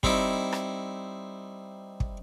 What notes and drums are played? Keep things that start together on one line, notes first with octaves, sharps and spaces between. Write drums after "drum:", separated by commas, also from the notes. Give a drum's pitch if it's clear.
G3 C4 D#4 E4, drum: kick
drum: rim click
drum: kick